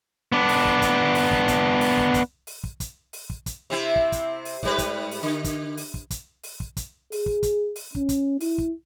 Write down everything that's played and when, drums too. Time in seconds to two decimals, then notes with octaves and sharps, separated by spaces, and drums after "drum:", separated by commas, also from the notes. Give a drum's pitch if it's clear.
0.32 B3 D4
0.49 drum: open hi-hat
0.65 drum: kick
0.82 drum: kick, hi-hat
1.15 drum: open hi-hat
1.31 drum: kick
1.48 drum: kick, hi-hat
1.81 drum: open hi-hat
1.97 drum: kick
2.14 drum: kick, hi-hat
2.47 drum: open hi-hat
2.64 drum: kick
2.80 drum: kick, hi-hat
3.13 drum: open hi-hat
3.30 drum: kick
3.46 drum: kick, hi-hat
3.70 C3 C4 E4
3.96 drum: kick
4.12 drum: kick, hi-hat
4.45 drum: open hi-hat
4.63 G#2 G3 B4, drum: kick
4.78 drum: kick, hi-hat
5.11 drum: open hi-hat
5.23 D3
5.44 drum: kick, hi-hat
5.77 drum: open hi-hat
5.94 drum: kick
6.10 drum: kick, hi-hat
6.44 drum: open hi-hat
6.60 drum: kick
6.77 drum: kick, hi-hat
7.12 G#4, drum: open hi-hat
7.26 drum: kick
7.43 drum: kick, hi-hat
7.76 drum: open hi-hat
7.95 C#4, drum: kick
8.09 drum: kick, hi-hat
8.41 E4, drum: open hi-hat
8.58 drum: kick